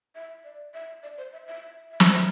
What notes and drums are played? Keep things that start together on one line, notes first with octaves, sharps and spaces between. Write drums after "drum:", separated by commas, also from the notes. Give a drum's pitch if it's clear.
E5
D5
E5
D5
C5
E5
E5
E5
drum: snare
E5